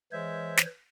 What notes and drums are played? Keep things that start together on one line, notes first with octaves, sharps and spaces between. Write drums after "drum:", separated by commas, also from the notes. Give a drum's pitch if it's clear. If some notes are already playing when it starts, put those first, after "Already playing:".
E3 G#3 C5 C#5 E5
drum: snare